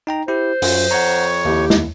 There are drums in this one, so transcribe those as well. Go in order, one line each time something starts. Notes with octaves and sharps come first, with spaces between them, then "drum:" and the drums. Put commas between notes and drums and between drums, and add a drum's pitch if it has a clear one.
D#4 G5 A#5
E4 G4 C5
F#2 F#3 F4, drum: open hi-hat
F2 C#5 F#5 A#5 C#6
D#2 E4 G4
drum: snare